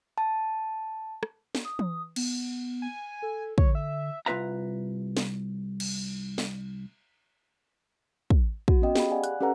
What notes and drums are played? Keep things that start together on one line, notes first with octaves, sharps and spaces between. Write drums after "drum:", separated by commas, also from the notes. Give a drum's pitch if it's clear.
A5
drum: rim click
drum: snare
D#6
drum: tom E3
B3, drum: cymbal
G#5
A4
D3 C#5, drum: kick
E5
C2 G#3 F4 B4 E5 A#5
drum: snare
drum: cymbal
drum: snare
drum: kick
F#4, drum: kick
B3 C#4 D#5 G5
G4 G#4 F5 B5, drum: snare
D5 F5 F#5 G#5
F#6, drum: hi-hat
C#4 G4 A4 B4 F#5 A#5